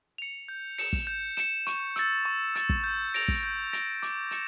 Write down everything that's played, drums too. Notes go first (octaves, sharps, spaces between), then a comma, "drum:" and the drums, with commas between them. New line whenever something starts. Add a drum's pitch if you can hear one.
C#7 F7
G6
C#7 E7, drum: open hi-hat
drum: kick
G6
C#7 E7, drum: hi-hat
C#6, drum: hi-hat
E6 A6, drum: hi-hat
C#6
E6 A6, drum: hi-hat
drum: kick
G6
A#6 D7 F7, drum: open hi-hat
drum: kick
G6
A#6 D7 F7, drum: hi-hat
D6, drum: hi-hat
C#7 E7, drum: hi-hat